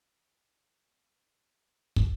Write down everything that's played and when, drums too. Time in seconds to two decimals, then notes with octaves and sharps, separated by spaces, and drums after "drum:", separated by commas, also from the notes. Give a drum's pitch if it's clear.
0.21 F#4
0.56 C#5
0.91 B4
1.27 A4
1.61 G#4
1.96 drum: kick